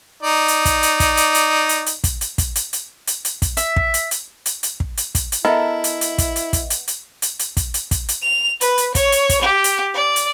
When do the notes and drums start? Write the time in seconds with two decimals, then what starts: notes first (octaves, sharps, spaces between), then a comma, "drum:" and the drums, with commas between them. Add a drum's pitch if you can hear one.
0.23 D#4 D5
0.48 drum: hi-hat
0.65 drum: kick, hi-hat
0.83 drum: hi-hat
1.00 drum: kick, hi-hat
1.17 drum: hi-hat
1.35 drum: hi-hat
1.69 drum: hi-hat
1.86 drum: hi-hat
2.04 drum: kick, hi-hat
2.21 drum: hi-hat
2.38 drum: kick, hi-hat
2.56 drum: hi-hat
2.73 drum: hi-hat
3.07 drum: hi-hat
3.25 drum: hi-hat
3.42 drum: kick, hi-hat
3.57 E5, drum: hi-hat
3.76 drum: kick
3.94 drum: hi-hat
4.11 drum: hi-hat
4.46 drum: hi-hat
4.63 drum: hi-hat
4.80 drum: kick
4.97 drum: hi-hat
5.15 drum: kick, hi-hat
5.32 drum: hi-hat
5.45 B3 E4 A4 A#4 D#5 E5
5.84 drum: hi-hat
6.01 drum: hi-hat
6.18 drum: kick, hi-hat
6.36 drum: hi-hat
6.53 drum: kick, hi-hat
6.70 drum: hi-hat
6.88 drum: hi-hat
7.22 drum: hi-hat
7.39 drum: hi-hat
7.57 drum: kick, hi-hat
7.74 drum: hi-hat
7.91 drum: kick, hi-hat
8.09 drum: hi-hat
8.22 F7
8.61 B4, drum: hi-hat
8.78 drum: hi-hat
8.95 C#5, drum: kick, hi-hat
9.12 drum: hi-hat
9.29 drum: kick, hi-hat
9.42 G4
9.64 drum: hi-hat
9.94 D5
10.16 drum: hi-hat